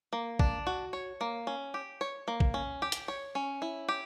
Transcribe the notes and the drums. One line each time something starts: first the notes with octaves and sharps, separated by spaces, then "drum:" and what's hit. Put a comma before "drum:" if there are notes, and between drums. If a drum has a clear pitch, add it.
A#3
D4, drum: kick
F#4
C#5
A#3
C#4
G4
C#5
A#3
drum: kick
C#4
G4
drum: hi-hat
C#5
C#4
E4
G4